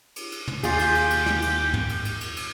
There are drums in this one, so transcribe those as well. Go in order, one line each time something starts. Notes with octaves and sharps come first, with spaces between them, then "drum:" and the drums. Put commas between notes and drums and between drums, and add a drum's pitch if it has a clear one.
drum: cymbal
drum: cymbal
drum: tom
D#2 F4 G4 G#4, drum: cymbal
drum: cymbal
drum: cymbal
drum: cymbal
drum: snare
drum: cymbal
drum: tom
drum: cymbal
drum: cymbal
drum: cymbal
drum: cymbal